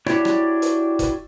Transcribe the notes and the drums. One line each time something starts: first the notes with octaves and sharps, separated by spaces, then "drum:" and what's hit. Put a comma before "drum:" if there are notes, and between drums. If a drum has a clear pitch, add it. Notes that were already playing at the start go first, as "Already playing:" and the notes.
D4 E4 F#4 G4 C#5 D5, drum: rim click
drum: rim click
drum: hi-hat
drum: kick F1, hi-hat